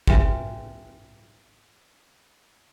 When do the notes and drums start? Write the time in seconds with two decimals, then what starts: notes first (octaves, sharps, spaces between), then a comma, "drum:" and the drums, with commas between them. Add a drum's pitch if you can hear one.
0.07 B4 E5 G5 G#5 C6, drum: kick